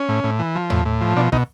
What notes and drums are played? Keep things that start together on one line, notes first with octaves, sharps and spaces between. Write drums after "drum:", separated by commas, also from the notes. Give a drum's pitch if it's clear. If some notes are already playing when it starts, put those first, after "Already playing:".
Already playing: C#4
A2
A2
E3
F3
A2, drum: tom D#2
A2
F3
B2 D4
B2 D#4, drum: kick